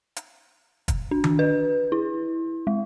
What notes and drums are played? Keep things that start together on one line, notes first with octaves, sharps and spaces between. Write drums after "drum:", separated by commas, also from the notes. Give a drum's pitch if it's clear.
drum: hi-hat
drum: kick, hi-hat
D4
drum: tom D#3
B4
E4
G#3